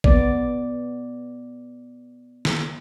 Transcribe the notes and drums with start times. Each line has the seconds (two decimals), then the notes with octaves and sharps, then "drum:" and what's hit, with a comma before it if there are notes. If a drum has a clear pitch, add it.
0.04 B3 D5, drum: kick A1
2.45 drum: snare